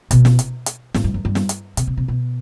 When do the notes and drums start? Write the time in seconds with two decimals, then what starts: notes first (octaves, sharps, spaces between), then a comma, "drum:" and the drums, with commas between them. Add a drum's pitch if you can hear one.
0.11 B2, drum: kick, hi-hat
0.25 drum: snare
0.39 drum: hi-hat
0.66 drum: hi-hat
0.94 G#2, drum: snare
1.04 G2
1.14 F#2
1.25 G2
1.35 drum: snare
1.49 drum: hi-hat
1.77 B2, drum: hi-hat
1.87 C3
1.97 C3
2.08 B2